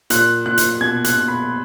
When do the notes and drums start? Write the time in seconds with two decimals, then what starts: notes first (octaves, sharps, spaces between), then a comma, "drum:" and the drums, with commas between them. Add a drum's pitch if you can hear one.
0.10 A#2 F#6, drum: hi-hat
0.46 A#2 F#6
0.58 drum: hi-hat
0.81 B2 G#6
1.04 F#6, drum: hi-hat
1.16 B2
1.28 B5